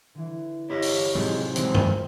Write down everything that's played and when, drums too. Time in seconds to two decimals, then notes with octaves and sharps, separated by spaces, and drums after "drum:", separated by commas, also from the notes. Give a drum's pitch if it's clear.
0.15 D3 E3
0.70 E4 G4 C#5 D#5
0.82 drum: open hi-hat
1.15 A2 C3 F3 F#3 G#3
1.56 B1 E3 G#3 C4, drum: hi-hat
1.75 drum: tom G2